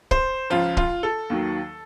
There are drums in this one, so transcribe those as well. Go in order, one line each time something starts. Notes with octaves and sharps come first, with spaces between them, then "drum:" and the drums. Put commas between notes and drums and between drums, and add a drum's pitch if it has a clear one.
C5, drum: kick
C#2 C#3 F3 F4
F4, drum: kick
A4
D#2 D#3 F#3